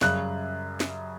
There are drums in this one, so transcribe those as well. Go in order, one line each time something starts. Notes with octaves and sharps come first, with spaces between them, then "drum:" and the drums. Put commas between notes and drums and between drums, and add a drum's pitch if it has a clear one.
F#2 C#3 G3 F#6, drum: snare
drum: snare